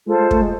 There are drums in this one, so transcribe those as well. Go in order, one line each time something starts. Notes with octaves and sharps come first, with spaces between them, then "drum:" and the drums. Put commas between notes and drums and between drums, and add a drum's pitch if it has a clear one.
G#3 F4 A4 C5
G#3
A3, drum: kick
G#3